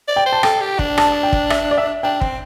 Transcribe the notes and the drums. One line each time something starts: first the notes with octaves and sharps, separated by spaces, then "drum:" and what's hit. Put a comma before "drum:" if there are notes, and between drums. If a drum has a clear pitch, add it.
D5
G5
C5
A5
A4 G5, drum: rim click
G4
D4, drum: kick
A5, drum: rim click
G5
drum: kick
E5, drum: rim click
D5
E5
D4 G5
C4, drum: kick